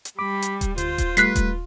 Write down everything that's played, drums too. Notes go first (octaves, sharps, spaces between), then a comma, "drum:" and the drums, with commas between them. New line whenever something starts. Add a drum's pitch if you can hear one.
drum: hi-hat
G3 B5 D6
drum: hi-hat
drum: kick D#1, hi-hat
D2 F4 C5, drum: hi-hat
drum: kick D#1, hi-hat
G3 A3 B4 F#6 B6 C7, drum: hi-hat
drum: kick D#1, hi-hat